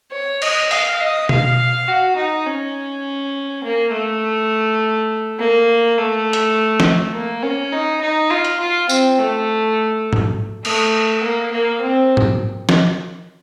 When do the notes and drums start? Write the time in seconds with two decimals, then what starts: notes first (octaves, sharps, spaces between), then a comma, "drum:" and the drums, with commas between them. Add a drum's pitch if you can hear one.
0.12 C#5
0.42 D#5, drum: cymbal
0.71 F5, drum: open hi-hat
1.00 D#5
1.29 F5, drum: tom B2
1.88 F#4
2.17 D#4
2.46 C#4
3.64 A#3
3.92 A3
5.39 A#3
5.97 A3
6.33 drum: hi-hat
6.80 drum: snare
7.14 A#3
7.43 C#4
7.72 D#4
8.02 D#4
8.31 F4
8.45 drum: hi-hat
8.60 F4
8.89 C4, drum: tambourine
9.19 A3
10.13 drum: tom G#2
10.65 A3, drum: cymbal
11.23 A#3
11.52 A#3
11.82 C4
12.17 drum: tom G#2
12.69 drum: snare